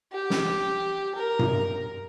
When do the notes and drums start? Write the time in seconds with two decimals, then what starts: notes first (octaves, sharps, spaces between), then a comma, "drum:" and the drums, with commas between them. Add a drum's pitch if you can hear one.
0.12 G4
0.30 drum: snare
1.15 A#4
1.39 drum: tom G2